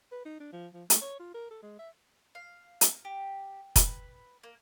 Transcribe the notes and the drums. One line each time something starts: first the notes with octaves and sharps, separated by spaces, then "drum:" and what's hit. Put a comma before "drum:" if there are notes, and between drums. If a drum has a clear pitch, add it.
B4
D#4
D4
F3
F3
A3, drum: hi-hat
C#5
F4
A#4
A4
G#3
E5
F5
drum: hi-hat
G4
B4, drum: kick F1, hi-hat
A#3